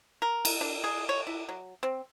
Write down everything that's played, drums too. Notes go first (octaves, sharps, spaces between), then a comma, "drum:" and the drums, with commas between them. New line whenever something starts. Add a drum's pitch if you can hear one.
A#4
drum: cymbal
D4
G#4
C#5
E4
F#3
C4